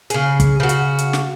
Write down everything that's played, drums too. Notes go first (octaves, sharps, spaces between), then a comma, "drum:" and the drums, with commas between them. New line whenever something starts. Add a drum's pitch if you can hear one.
C#3 G#4, drum: hi-hat
drum: kick, hi-hat
C#3 F#4
drum: hi-hat
drum: hi-hat
drum: snare